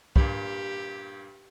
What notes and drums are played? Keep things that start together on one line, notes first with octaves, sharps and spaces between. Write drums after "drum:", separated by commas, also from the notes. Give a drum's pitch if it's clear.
G2 A#2 G4, drum: kick